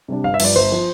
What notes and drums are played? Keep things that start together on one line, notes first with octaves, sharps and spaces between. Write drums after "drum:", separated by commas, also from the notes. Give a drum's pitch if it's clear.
C3 G3 D4
G1 F5
E5
G2 F3 D5, drum: cymbal
G1 C5
F3